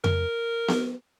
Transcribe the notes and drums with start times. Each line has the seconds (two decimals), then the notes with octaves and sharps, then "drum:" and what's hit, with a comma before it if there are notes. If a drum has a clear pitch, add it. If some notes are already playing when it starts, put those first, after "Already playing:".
0.04 A#4, drum: tom F2
0.68 drum: snare B3